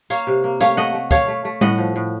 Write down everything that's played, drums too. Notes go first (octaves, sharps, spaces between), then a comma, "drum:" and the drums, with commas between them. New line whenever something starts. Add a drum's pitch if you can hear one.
A#3 C#5 F5, drum: tambourine
C3
A#3
A3 C#5 F5, drum: tambourine
A3 D#5 F#5
A3
A3 C#5 F5, drum: kick, tambourine
A3
A3
A2 D#5 F#5, drum: tom G3
F3
A2